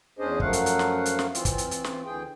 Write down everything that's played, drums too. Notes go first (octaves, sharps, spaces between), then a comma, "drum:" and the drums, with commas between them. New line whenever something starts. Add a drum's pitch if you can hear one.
E2 C#4 D4 G#4 C5 D#5
F#2 F3 F#3 A3 F5 F#5, drum: kick
drum: hi-hat
drum: hi-hat
drum: snare
drum: hi-hat
drum: snare
E3 C4 F4, drum: hi-hat
drum: kick, hi-hat
drum: hi-hat
drum: hi-hat
drum: snare
D2 E3 G#4 G5